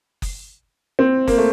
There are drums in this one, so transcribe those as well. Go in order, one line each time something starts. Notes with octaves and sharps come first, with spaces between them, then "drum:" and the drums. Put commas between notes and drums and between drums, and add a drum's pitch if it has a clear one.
drum: kick F#1, open hi-hat
C4
A#3, drum: kick F#1, open hi-hat
A3